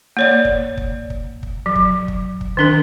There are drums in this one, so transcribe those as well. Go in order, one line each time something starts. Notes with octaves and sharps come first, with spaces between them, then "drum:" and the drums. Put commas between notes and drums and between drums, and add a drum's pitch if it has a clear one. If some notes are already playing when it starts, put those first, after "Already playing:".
A#3 C#5 D5
drum: kick
drum: kick
drum: kick
drum: kick
F#3
drum: kick
drum: kick
drum: kick
D#3 D4 A#4